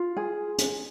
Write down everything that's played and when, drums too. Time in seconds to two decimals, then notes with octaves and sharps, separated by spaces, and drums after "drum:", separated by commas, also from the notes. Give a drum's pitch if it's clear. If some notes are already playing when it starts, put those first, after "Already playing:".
Already playing: F4
0.17 G#4
0.58 drum: hi-hat